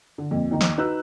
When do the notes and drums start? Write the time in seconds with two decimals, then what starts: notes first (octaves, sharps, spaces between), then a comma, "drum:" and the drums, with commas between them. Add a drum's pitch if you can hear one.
0.18 D3
0.31 F2 A#2
0.51 D#2 D#3 D#4
0.61 drum: snare
0.78 D#4 F#4 B4 E6 F#6